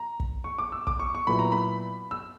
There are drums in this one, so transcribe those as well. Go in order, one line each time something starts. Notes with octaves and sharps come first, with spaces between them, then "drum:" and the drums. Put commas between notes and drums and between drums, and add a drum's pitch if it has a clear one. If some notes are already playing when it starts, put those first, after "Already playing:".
Already playing: A#5
drum: kick
C#6
D6
E6
D6, drum: kick
C#6
C#6
A#2 F#3 B3 E4 B5
A#5
B5
E6